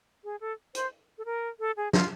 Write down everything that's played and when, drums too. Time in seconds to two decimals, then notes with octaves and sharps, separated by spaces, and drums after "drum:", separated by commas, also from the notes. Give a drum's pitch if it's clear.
0.24 G#4
0.41 A4
0.75 C5, drum: hi-hat
1.18 A4
1.25 A#4
1.60 A4
1.77 G#4
1.93 F4, drum: snare